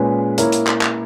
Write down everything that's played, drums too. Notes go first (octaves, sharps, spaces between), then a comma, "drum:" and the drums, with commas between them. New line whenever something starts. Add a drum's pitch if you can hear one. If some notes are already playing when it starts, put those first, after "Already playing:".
Already playing: A#2 G#3 C#4 G#4 B4
A#3 E4 A#4 C#5, drum: hi-hat
drum: hi-hat
drum: clap
drum: clap